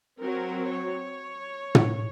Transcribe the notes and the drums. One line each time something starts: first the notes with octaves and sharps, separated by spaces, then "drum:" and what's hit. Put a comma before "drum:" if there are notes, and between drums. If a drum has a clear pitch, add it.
F#3 C4 A#4
C#5
drum: tom